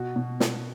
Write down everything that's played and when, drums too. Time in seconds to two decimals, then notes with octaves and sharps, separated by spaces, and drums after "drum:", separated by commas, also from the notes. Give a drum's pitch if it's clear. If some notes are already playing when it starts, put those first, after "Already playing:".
Already playing: B2 F#4
0.16 B2
0.40 drum: snare